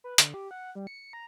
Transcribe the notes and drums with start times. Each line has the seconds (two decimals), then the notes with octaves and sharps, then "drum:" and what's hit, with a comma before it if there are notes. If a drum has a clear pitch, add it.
0.04 B4
0.18 D3, drum: hi-hat
0.34 G4
0.51 F#5
0.75 G3
0.87 C#7
1.13 A#5